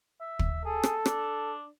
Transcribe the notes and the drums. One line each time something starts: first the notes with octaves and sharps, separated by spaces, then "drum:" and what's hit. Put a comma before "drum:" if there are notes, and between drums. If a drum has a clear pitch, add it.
E5
drum: kick
G#4 A4
drum: rim click
D4, drum: rim click